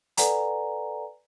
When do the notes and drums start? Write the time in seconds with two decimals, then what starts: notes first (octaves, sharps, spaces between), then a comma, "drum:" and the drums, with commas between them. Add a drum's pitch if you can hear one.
0.17 A4 B4 D5 F#5 G#5 A#5, drum: hi-hat